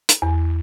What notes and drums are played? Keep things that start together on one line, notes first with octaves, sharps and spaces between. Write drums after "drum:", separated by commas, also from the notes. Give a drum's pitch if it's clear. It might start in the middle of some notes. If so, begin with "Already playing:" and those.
drum: hi-hat
E2